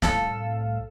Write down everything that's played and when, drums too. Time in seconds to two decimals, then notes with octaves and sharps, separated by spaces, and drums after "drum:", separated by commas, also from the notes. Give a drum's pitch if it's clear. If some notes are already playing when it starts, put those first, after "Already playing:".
0.02 C2 A2 A4 F5, drum: snare